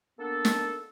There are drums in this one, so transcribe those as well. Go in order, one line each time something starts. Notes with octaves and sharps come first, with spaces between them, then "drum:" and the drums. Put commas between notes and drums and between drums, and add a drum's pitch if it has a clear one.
A#3 B3 D4 A4
drum: snare